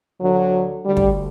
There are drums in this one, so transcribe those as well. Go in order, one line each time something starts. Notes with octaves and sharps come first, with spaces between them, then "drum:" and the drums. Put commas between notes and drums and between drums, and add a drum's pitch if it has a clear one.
D2 D3 F#3
D2 D3 G3
drum: kick